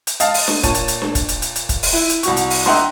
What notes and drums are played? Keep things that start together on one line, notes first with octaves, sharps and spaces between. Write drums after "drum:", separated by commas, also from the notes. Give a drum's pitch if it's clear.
drum: hi-hat
D#5 F5 A5, drum: hi-hat
drum: open hi-hat
drum: snare D4
A#2 C#5 A5 D#7, drum: kick, hi-hat
drum: hi-hat
drum: hi-hat
drum: snare D4
drum: kick, hi-hat
drum: hi-hat
drum: hi-hat
drum: hi-hat
drum: kick, hi-hat
drum: open hi-hat
E4
drum: hi-hat
C2 F#4 C#6, drum: hi-hat
drum: hi-hat
drum: open hi-hat
D#5 E5 F#5 G5 A#5 C6, drum: snare D4